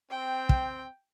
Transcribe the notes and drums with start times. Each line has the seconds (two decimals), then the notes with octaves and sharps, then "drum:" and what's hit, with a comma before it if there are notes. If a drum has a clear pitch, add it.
0.11 C4 G5
0.49 drum: kick